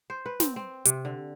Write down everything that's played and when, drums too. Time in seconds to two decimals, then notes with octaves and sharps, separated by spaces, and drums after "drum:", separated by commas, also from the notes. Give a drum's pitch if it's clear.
0.10 C5
0.26 B4
0.40 C4, drum: snare
0.56 C4
0.85 C3, drum: hi-hat
1.05 D3